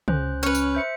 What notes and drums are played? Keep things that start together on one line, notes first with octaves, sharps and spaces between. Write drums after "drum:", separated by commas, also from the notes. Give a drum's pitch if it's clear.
C#2 C#4 C5 F#6, drum: tom
C#4 B4 C#5 F6 F#6
drum: tambourine
C5 E5 C#7